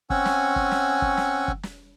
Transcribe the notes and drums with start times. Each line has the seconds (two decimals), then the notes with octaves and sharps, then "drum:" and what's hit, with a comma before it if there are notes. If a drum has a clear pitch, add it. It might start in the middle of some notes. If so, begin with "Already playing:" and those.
0.10 C4 C#4 F#5 G#5 C#6 E6, drum: kick
0.25 drum: snare
0.56 drum: kick
0.71 drum: snare
1.02 drum: kick
1.17 drum: snare
1.48 drum: kick
1.63 drum: snare